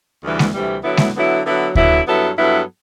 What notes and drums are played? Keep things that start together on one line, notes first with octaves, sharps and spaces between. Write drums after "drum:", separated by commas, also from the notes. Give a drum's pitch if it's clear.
D2 C3 E3 G3
drum: snare G#3
D2 C3 E3 G3
D3 F#3 B3 E4
drum: snare G#3
D3 F#3 B3 E4
D3 F#3 B3 E4
D3 F#3 B3 E4, drum: kick D2
G2 F#3 B3 E4 A4
G2 F#3 B3 E4 A4